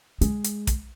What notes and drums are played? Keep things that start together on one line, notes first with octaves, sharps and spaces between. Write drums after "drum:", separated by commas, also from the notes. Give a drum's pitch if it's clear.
G#3, drum: hi-hat
drum: hi-hat
drum: kick, hi-hat